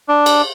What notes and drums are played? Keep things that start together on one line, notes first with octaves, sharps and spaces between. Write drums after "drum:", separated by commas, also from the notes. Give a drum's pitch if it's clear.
D4
drum: cymbal